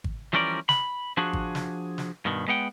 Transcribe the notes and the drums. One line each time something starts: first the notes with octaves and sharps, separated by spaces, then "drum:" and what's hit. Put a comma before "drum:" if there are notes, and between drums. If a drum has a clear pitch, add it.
drum: kick G#1
E3 F3 G3 C#4 A#4 D5
B5, drum: snare
F3 D4 F#4 G#4
drum: kick G#1
drum: snare
drum: snare
G2 B2 D#3
G#3 B3 F#5 G5